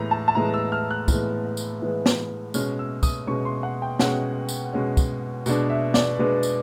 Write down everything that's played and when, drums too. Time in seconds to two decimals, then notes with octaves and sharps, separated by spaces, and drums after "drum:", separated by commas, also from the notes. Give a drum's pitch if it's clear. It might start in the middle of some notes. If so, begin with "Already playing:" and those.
Already playing: A2 E3 G#3 B3 A#5
0.11 A5
0.28 A5
0.35 A2 E3 G#3 B3 A#5
0.54 E6
0.72 F6
0.91 F#6
1.08 A2 E3 G#3 B3, drum: kick, tambourine
1.57 drum: tambourine
1.82 A2 E3 G#3 B3
2.06 drum: snare
2.54 B2 G#3 C#4 F6, drum: tambourine
2.79 E6
3.03 D#6, drum: kick, tambourine
3.27 B2 G#3 C#4 C#6
3.45 C6
3.63 F#5
3.82 G5
3.99 B2 G#3 C#4 F#5, drum: snare
4.49 drum: tambourine
4.73 B2 G#3 C#4
4.97 drum: kick, tambourine
5.46 B2 G#3 B3 D4, drum: tambourine
5.70 E5
5.94 D5, drum: snare
6.18 B2 G#3 B3 D4
6.43 drum: tambourine